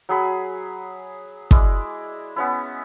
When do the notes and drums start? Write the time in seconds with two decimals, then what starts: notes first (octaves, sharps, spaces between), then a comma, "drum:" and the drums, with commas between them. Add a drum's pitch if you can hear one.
0.09 F#3 G#4 B5
1.51 G#3 E4 D5, drum: kick
2.36 B3 C#4 E4